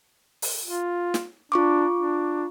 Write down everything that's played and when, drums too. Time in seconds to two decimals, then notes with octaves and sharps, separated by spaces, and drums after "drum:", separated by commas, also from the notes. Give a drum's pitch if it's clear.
0.42 drum: open hi-hat
0.65 F4
1.14 drum: snare
1.52 D4 F4 C#6 D6
1.95 D4